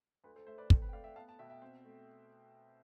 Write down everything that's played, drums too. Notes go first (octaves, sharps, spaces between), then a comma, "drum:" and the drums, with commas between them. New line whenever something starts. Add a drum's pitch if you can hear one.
D2 B4
A4 C5
A3 C5 E5
B4 D5
C4 A4 C5, drum: kick
B4
G5
A3 D5 F5
E5 G5
B3 F5 A5
A5
B2 E5 G5
E5 G5
C4
A3